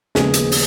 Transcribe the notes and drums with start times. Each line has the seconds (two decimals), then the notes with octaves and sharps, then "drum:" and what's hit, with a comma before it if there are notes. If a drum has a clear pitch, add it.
0.15 D#2 C#3 F3 G#3 B3 G#4, drum: snare
0.34 drum: hi-hat
0.52 B3, drum: open hi-hat